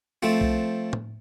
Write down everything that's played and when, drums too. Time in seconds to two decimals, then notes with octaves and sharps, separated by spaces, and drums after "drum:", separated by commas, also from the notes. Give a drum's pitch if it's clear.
0.23 F3 A3 C4
0.41 drum: kick B1
0.93 drum: tom